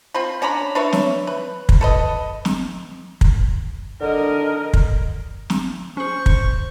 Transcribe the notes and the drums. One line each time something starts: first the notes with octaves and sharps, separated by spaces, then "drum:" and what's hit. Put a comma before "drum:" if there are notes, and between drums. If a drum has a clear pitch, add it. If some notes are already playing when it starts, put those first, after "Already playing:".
C4 F4 B5
C#4 D4 A#5 B5
D4 B4 C#5 E5
drum: snare
B4
drum: kick
A4 B4 D#5
drum: snare
drum: kick
D3 A#4 D#5
drum: kick
drum: snare
C#4 G#4 C5 C#6
drum: kick